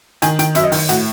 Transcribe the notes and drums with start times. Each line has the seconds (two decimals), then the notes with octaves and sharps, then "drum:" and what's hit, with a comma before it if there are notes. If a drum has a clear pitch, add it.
0.22 D#3 G#5, drum: hi-hat
0.39 D#3 G5, drum: hi-hat
0.55 F#2 E5, drum: hi-hat
0.64 D#5
0.72 D#3, drum: open hi-hat
0.89 A2 F#4, drum: hi-hat